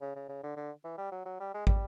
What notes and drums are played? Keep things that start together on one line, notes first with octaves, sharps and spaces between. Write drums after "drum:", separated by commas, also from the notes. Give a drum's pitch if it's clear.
C#3
C#3
C#3
D3
D3
E3
G3
F#3
F#3
G3
G#3
G3, drum: kick